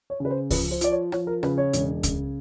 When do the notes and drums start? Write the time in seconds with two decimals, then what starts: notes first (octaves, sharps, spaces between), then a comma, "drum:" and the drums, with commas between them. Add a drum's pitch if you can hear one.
0.10 C#5
0.20 C#3 B4
0.31 C5
0.50 F3 B4, drum: kick C#2, open hi-hat
0.71 C5
0.81 F3 D5, drum: hi-hat
0.92 C#5
1.12 F3 C#5, drum: rim click
1.27 A#4
1.43 C#3 B4, drum: rim click
1.58 C#5
1.73 E1, drum: hi-hat
2.03 C#3, drum: kick C#2, hi-hat